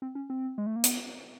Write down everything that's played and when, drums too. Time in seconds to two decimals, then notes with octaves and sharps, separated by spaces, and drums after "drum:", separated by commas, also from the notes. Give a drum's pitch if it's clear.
0.02 C4
0.15 C#4
0.30 C4
0.58 G#3
0.66 A3
0.76 A#3
0.84 B3, drum: hi-hat